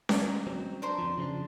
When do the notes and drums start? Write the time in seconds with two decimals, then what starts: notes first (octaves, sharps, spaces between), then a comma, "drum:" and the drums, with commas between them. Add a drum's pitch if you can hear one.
0.09 D#4, drum: snare C#4
0.47 F#3 C4
0.82 D4 A#4 C5 C6
0.98 F2 F3
1.18 C#3 F3 D4